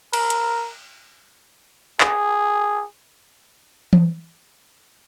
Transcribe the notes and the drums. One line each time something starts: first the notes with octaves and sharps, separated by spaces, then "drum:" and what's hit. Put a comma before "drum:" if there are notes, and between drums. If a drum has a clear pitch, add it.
A#4, drum: cymbal
drum: hi-hat
G#4, drum: clap
drum: tom E3